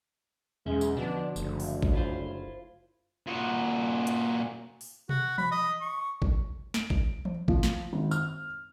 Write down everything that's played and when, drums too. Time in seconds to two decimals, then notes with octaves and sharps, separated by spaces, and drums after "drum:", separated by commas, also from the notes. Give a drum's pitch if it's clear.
0.66 B1 E2 G#3 C#4 E5
0.81 drum: tambourine
0.97 B2 D3 F3 D4
1.36 F#1 D2, drum: tambourine
1.60 drum: open hi-hat
1.83 drum: kick A1
1.94 E4 F4 C5
3.27 A#2 F#4
4.07 drum: hi-hat
4.81 drum: open hi-hat
5.09 F#4, drum: tom B2
5.38 B5, drum: tom E3
5.51 D#5
5.81 C#6
6.22 drum: kick A1
6.74 D7, drum: snare
6.90 drum: kick A1
7.25 drum: tom E3
7.48 F3, drum: kick A1
7.63 drum: snare
7.93 G#1
8.11 F6, drum: tambourine